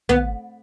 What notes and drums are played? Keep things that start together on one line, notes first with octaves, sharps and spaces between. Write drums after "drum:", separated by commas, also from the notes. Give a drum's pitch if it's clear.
B3, drum: tom